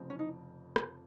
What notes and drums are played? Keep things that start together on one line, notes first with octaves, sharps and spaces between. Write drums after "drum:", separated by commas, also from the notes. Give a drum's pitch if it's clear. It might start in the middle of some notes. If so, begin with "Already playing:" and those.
Already playing: F1 F2 C#3 F3 C4
C#4
D#4
F#4, drum: rim click